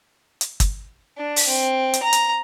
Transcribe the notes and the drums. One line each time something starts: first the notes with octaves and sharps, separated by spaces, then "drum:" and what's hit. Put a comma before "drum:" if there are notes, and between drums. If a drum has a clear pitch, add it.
drum: hi-hat
drum: kick, hi-hat
D4
drum: open hi-hat
C4
drum: hi-hat
A#5
drum: hi-hat